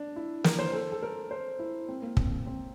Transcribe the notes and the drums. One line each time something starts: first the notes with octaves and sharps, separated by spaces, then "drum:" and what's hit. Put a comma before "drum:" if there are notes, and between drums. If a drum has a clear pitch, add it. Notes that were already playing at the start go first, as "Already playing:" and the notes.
Already playing: D4
E4
A#4, drum: snare
C5
A4
A4
A#4
C5
E4
C4
A#3
C4, drum: kick
C4
C4